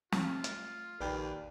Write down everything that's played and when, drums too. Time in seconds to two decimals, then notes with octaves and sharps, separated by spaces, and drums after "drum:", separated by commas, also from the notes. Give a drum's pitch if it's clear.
0.12 A3 F4, drum: snare
0.44 drum: hi-hat
1.00 A#1 D#2 B4 D5 G5